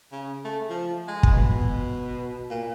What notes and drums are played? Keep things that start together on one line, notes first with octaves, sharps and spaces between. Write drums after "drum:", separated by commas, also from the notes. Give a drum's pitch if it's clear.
C#3
A3
F3
G#3
drum: kick
B2
A#2